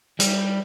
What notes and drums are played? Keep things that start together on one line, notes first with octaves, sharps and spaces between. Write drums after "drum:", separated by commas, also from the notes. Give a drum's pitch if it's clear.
G3, drum: hi-hat